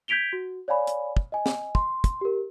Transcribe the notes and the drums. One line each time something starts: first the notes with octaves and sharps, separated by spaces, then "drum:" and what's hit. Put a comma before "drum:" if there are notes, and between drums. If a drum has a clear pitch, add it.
G6 G#6 B6 D7 F7 G7
F#4
C#5 D5 F5 G#5 B5
drum: hi-hat
drum: kick
D#5 G#5
drum: snare
C6, drum: kick
drum: kick, hi-hat
G4 A#4